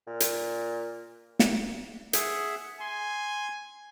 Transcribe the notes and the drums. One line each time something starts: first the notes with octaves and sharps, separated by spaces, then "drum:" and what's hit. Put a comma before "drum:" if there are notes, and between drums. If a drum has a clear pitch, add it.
A#2
drum: hi-hat
drum: snare
G#4 E5 F#5, drum: hi-hat
G#5 C6